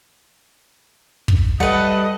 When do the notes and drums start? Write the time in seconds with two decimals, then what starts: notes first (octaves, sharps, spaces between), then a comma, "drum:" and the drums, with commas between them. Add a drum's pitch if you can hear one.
1.28 drum: kick
1.60 G3 A3 B4 D#5 F#5